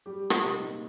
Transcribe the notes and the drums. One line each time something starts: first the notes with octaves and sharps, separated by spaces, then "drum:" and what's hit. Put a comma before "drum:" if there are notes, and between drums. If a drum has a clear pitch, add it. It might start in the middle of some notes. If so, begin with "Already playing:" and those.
G3 G4
G4, drum: rim click
C3
D#4
A#3